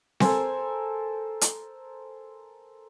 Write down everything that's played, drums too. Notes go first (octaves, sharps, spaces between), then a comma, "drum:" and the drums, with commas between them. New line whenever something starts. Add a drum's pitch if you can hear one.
A4 A#4 C5 G#5, drum: snare C4
drum: hi-hat